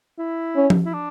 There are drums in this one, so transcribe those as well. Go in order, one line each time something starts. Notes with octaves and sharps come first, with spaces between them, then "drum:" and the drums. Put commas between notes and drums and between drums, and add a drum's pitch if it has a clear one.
E4
C#4
drum: tom F3
E4
D4